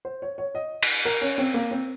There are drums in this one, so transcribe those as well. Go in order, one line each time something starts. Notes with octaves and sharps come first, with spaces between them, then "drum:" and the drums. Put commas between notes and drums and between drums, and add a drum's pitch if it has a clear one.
C5
C#5
C#5
D#5
drum: cymbal
A#4
C#4
C4
A#3
C4